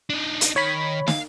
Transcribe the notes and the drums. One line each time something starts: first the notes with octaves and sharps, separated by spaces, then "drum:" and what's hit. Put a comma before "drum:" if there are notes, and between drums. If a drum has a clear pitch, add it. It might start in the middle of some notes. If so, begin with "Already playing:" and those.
D4 D#4
drum: hi-hat
D#3 C#5 B5
F5, drum: snare